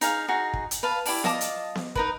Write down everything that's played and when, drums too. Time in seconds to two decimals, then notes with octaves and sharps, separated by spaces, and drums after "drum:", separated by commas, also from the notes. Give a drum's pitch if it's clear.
0.01 D#4 G#4 F5, drum: hi-hat
0.28 D#4 F#4 G#4
0.54 drum: kick
0.71 drum: hi-hat
0.83 B4 F5 A5
1.06 E4 G4 D5 A5, drum: open hi-hat
1.24 F4 D#5 A5 D6, drum: snare B3
1.41 drum: hi-hat
1.75 drum: snare B3
1.95 D#4 A#4 B4, drum: kick